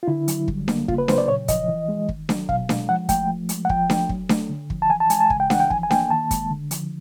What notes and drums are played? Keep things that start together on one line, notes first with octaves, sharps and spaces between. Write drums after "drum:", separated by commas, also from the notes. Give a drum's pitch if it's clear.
F4
D3 E4
F#3, drum: hi-hat
G3, drum: kick
A#3, drum: snare D4
C#3 F4, drum: kick
B4
F#3 C5, drum: snare D4
D5
A#2 C#5
F3 D#5, drum: kick, hi-hat
E3
G#3
D#3, drum: kick
F#3, drum: snare D4
B2 F5, drum: kick
G#3, drum: snare D4
F3 F#5
A3 G5, drum: kick, hi-hat
F3
G#3, drum: hi-hat
F#5
F3 G5, drum: kick
A3, drum: snare D4
F#3, drum: kick
A3, drum: snare D4
D3
F3, drum: kick
A5
E3 G#5
A5
G#3 G#5, drum: hi-hat
A5
C#3 G#5, drum: kick
G5
E3 F#5, drum: snare D4
G5
F3 G#5, drum: kick
G#5
A#3 G5, drum: snare D4
D#3 A5
G#3, drum: kick, hi-hat
D3
F3, drum: hi-hat